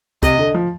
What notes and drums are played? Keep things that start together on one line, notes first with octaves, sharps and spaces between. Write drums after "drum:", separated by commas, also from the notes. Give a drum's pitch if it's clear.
C3 D#5, drum: kick, hi-hat
D3
F3